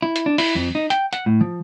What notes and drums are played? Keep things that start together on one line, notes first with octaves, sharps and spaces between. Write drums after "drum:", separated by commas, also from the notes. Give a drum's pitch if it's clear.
E4
drum: hi-hat
D4
E4, drum: open hi-hat
F2
D#4
G5, drum: hi-hat
F#5, drum: hi-hat
A2
F3